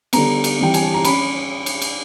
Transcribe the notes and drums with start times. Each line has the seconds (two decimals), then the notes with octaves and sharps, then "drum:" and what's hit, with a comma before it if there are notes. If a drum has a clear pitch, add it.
0.13 D3 G3 B3 A#5, drum: cymbal
0.44 drum: cymbal
0.59 E3 G3 C4 G5
0.74 G#5, drum: cymbal
0.84 A5
0.94 A#5
1.04 C#4 B5, drum: cymbal
1.66 drum: cymbal
1.82 drum: cymbal